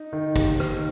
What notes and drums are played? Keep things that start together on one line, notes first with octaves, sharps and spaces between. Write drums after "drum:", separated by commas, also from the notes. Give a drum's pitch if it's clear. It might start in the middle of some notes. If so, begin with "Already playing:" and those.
Already playing: D#4
D#3
D#2, drum: kick, hi-hat
D#3, drum: rim click